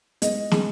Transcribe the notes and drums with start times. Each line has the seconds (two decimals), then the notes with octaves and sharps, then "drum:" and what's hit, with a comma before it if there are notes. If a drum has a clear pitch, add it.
0.22 G#3 D#5, drum: hi-hat
0.51 G#3, drum: snare